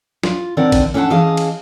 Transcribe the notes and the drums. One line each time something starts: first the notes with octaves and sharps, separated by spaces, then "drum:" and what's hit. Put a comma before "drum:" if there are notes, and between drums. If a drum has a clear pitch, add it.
F4, drum: snare
D3 D#3 C4 A#4 D5 F#5
drum: kick A1, cymbal
C#4 D4 A4 B4 F#5 A5
E3 C#4 G#4 D#5 F5 A5
drum: cymbal